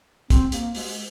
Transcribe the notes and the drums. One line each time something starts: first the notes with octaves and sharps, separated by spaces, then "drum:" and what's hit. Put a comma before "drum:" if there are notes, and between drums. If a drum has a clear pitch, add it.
C4, drum: kick, hi-hat
A#3, drum: hi-hat
G#3, drum: open hi-hat